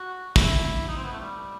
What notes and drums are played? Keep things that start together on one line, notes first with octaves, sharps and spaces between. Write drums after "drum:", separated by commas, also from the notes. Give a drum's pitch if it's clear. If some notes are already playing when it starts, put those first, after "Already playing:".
Already playing: F#4
E4, drum: kick
D#4
C4
B3
A3
G3